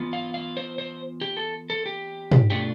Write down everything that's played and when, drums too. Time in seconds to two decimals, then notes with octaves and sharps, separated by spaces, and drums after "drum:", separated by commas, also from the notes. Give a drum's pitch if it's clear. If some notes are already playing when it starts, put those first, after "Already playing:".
Already playing: E3 B3 F4
0.13 F5
0.34 F5
0.57 C5
0.78 C5
1.21 G4
1.37 A4
1.70 A4
1.86 G4
2.32 drum: tom
2.50 B2 A3 D4 F4 G4